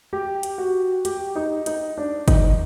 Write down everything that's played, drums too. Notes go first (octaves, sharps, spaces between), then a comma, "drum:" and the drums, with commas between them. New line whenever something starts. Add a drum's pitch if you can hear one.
G4
drum: hi-hat
F#4
G4, drum: hi-hat
D#4
D#4, drum: hi-hat
D4
D#4, drum: kick G1, hi-hat